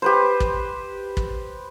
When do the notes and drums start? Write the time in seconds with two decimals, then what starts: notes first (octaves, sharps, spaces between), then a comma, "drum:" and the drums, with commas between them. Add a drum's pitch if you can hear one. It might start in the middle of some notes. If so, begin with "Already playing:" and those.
0.02 G4 B4 C5
0.40 drum: kick
1.17 drum: kick